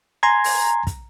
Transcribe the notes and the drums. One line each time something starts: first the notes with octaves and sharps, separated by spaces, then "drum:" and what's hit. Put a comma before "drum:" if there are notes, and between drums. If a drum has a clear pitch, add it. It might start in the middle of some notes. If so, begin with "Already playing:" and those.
G#5 A#5 C6 G#6
drum: open hi-hat
drum: kick, hi-hat